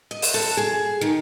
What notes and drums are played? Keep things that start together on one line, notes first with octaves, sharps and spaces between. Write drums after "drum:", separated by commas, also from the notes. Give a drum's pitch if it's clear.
D#5
drum: open hi-hat
A4
G#4
D#3